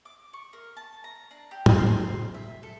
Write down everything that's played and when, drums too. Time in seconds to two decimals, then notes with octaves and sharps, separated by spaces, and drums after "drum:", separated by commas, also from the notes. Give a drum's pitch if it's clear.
0.05 D6
0.33 C#6
0.53 A#4
0.77 A5
1.04 A#5
1.31 D4
1.51 G4
1.66 F6, drum: tom
1.78 C5
2.34 E5
2.63 A4